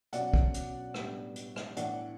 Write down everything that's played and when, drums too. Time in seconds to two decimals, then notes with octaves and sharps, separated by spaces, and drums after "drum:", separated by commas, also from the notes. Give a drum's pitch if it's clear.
0.13 B2 F#3 C#4 D5 F#5, drum: hi-hat
0.33 drum: kick
0.54 drum: hi-hat
0.94 A2 G3 B3 D4, drum: rim click
1.36 drum: hi-hat
1.56 drum: rim click
1.77 A2 E3 B3 D4 D5 F#5, drum: hi-hat